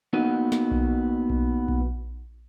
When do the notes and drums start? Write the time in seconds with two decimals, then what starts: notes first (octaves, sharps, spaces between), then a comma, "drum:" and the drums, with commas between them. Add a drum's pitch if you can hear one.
0.13 A#3 B3 D#4 F#4
0.52 drum: snare
0.71 drum: kick B1
1.30 drum: kick B1
1.68 drum: kick B1